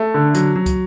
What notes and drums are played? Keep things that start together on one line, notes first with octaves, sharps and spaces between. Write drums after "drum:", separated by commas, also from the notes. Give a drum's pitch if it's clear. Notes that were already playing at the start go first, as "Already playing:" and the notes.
Already playing: A3
D3
F#3, drum: hi-hat
F#3
drum: kick, hi-hat